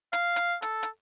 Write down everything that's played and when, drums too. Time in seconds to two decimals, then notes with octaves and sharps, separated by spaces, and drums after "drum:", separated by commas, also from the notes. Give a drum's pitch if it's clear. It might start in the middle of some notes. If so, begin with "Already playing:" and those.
0.13 F5, drum: hi-hat
0.36 drum: hi-hat
0.62 A4, drum: hi-hat
0.83 drum: hi-hat